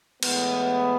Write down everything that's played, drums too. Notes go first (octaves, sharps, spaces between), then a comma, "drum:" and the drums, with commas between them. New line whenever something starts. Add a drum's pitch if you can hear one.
A2 E3 G#3 B3, drum: cymbal